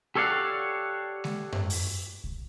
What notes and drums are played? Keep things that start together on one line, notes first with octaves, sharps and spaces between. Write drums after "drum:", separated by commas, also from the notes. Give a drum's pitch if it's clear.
G4 A4 C#5 D5 F5 F#5
drum: snare G#3
drum: tom F#2
drum: open hi-hat
drum: kick B1